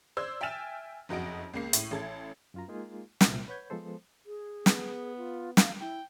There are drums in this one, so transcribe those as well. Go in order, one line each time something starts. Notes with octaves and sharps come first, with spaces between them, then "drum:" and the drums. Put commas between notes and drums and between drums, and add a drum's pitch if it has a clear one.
C5 D5 E6 G#6
E5 G5 G#5 F6 A6 E7
F#1 F2 F#4 D#5 D7
C#2 A#3 C7
A2, drum: hi-hat
A1 A4 G#6
F#2 F4 A#5
G#3 A#3 D#4 F4 G#4
C2 A#2 C4 E5 F6, drum: snare
B4 C#5 F#5 B5 G6 G#6
F3 G#3 B3 A4 C5
G#4
B3, drum: snare
F4
F5, drum: snare
E4 G5